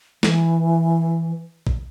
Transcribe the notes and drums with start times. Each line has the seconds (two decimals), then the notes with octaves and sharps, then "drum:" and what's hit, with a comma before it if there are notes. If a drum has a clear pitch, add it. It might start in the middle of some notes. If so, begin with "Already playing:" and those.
0.23 E3, drum: snare
1.67 drum: kick